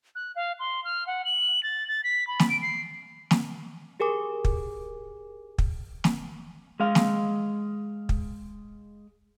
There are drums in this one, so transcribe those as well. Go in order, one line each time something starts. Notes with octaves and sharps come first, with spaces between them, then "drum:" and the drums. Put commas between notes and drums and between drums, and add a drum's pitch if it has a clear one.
F#6
F5
C6
F6
F#5
F#7
A6
A6
B6
B5
drum: snare
D7
C7
drum: snare
G4 G#4 A#4 G#5 D6
drum: kick
drum: kick
drum: snare
G#3 F5
drum: snare
drum: kick